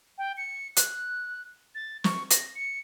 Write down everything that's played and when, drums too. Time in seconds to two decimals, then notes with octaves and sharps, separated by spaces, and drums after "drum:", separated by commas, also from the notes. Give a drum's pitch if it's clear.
0.18 G5
0.37 C#7
0.76 F#6, drum: hi-hat
1.75 A6
2.04 C#6, drum: snare
2.30 A#6, drum: hi-hat
2.55 C#7